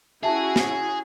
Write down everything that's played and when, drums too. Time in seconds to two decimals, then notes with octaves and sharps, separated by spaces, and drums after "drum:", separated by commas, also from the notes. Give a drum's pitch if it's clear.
0.23 C#4 E4 F#4 G#4 E5 A5
0.56 drum: snare